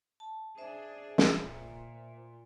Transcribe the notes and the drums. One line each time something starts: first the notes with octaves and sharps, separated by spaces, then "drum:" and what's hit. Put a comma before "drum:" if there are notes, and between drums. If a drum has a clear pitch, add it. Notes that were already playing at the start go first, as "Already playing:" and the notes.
A5
D4 G#4 C5 E5
drum: snare
A#2